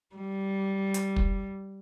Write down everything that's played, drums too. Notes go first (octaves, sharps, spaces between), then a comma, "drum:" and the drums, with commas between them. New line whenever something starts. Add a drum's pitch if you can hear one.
G3
drum: hi-hat
drum: kick